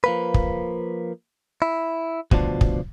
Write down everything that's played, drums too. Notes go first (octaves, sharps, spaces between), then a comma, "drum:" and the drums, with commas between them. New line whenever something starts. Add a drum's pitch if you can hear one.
F3 A#3 B4
drum: kick
E4
D2 B2 F3 D4, drum: kick
drum: kick